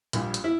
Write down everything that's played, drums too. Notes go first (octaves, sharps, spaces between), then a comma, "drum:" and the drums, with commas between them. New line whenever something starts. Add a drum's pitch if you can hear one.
A#1 A#2 G3, drum: hi-hat
drum: hi-hat
E4